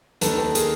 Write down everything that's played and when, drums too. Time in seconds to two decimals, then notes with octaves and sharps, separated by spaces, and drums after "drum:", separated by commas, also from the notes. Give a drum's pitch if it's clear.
0.21 D#2 D#3 A4 B4, drum: hi-hat
0.38 A4 B4
0.55 G#4 A#4, drum: hi-hat